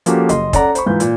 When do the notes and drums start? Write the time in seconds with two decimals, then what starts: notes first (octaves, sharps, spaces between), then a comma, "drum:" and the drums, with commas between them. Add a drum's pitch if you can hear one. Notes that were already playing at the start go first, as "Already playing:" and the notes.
0.06 F3 A#3 C#4 F#4 G4 A4, drum: hi-hat
0.29 F#1 D#5 C6, drum: hi-hat
0.53 C#4 A4 D5 F#5 A#5, drum: kick, hi-hat
0.75 C5 B5 C#6, drum: hi-hat
0.86 G#2 E3 F4 B4 G6
1.00 A#2, drum: hi-hat